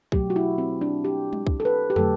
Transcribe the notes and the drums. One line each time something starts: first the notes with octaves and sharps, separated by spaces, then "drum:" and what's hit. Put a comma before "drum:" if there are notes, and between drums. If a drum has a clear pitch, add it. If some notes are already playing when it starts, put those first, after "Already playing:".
B2 F#3 A3 G4, drum: kick C2
F#4
E4
C4
D4
G4
drum: tom G3
drum: kick C2
A4
B4
G4
D3 F#3 A3 A4, drum: tom